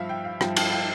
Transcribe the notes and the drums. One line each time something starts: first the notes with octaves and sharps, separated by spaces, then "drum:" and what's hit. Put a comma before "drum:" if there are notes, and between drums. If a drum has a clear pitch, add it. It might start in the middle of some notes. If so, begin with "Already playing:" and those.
Already playing: G2 F3 E5 F5
G5
F5
G2 F3 G5, drum: rim click
G5, drum: cymbal
G5